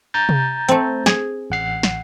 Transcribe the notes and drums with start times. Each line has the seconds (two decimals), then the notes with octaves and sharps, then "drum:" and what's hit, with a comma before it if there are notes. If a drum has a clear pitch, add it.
0.14 A#5 G6 A6
0.29 drum: tom C3
0.69 A3 C4, drum: hi-hat
1.06 G#4, drum: snare
1.50 A1 F#5 C7
1.83 drum: snare